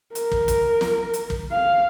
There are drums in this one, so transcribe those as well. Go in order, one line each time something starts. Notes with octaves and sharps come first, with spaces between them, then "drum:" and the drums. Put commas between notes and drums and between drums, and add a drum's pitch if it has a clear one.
A#4, drum: hi-hat
drum: kick
drum: kick, hi-hat
drum: snare
drum: hi-hat
drum: kick
F5